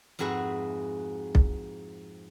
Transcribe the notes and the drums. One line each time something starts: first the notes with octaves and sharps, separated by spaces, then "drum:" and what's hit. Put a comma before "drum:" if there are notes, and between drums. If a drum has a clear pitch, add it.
F2 G#2 F#4 G#4 B4 E5
drum: kick B1